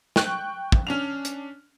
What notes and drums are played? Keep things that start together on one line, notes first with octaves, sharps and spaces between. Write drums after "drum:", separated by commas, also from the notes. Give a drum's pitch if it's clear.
G5 C#6 F#6, drum: snare
drum: kick
C#4 D4 F7
drum: hi-hat